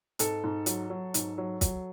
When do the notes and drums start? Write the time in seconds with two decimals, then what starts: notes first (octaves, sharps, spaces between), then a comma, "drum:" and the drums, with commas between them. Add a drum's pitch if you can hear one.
0.19 G#2 A4, drum: hi-hat
0.44 G#2
0.66 F#3, drum: hi-hat
0.90 F#3
1.14 G#2, drum: hi-hat
1.38 F#3
1.61 F#3, drum: kick, hi-hat